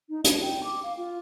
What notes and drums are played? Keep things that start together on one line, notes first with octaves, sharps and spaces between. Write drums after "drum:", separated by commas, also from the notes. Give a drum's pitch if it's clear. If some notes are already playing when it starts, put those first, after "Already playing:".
D#4
E4, drum: hi-hat
G5
D6
F5
F4